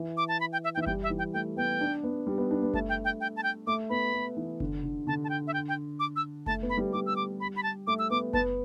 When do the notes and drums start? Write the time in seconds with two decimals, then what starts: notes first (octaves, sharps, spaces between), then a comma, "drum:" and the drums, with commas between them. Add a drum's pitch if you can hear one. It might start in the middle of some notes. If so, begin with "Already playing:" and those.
Already playing: E3
0.17 D6
0.28 A5
0.40 B5
0.52 G5
0.64 E5
0.75 G5
0.77 E3 E5
0.86 G3 G5, drum: kick F#1
1.03 E5
1.10 E3
1.18 G5
1.33 A3 G5
1.57 B3 G5
1.81 D4
2.04 B3
2.27 G3
2.38 B3
2.51 D4
2.62 B3
2.74 A3 A5, drum: kick F#1
2.89 G5
3.05 G5
3.20 G5
3.36 A5
3.43 G5
3.67 A3 D6
3.90 B3 B5
4.13 A3
4.37 E3
4.60 D3, drum: kick F#1
4.83 D3
5.07 D3 A5
5.24 A5
5.30 G5
5.47 E5
5.54 G5
5.69 G5
6.00 D6
6.16 E6
6.46 A3 A5, drum: kick F#1
6.63 B3
6.70 B5
6.77 G3
6.93 G3 D6
7.06 E6
7.16 D6
7.40 B5
7.56 B5
7.63 A5
7.87 A3 D6
7.99 E6
8.10 B3 D6
8.33 B3 A5, drum: kick F#1